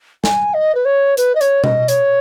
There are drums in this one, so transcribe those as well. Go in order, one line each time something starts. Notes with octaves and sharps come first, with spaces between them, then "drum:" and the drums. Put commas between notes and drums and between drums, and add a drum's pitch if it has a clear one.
G#5, drum: snare
D#5
B4
C#5
B4, drum: hi-hat
D#5
C#5, drum: hi-hat
D#5, drum: tom B2
C#5, drum: hi-hat